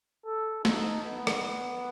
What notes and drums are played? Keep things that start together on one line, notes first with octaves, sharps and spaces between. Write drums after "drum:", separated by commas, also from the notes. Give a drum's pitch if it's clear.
A4
D#4, drum: snare
B3
drum: rim click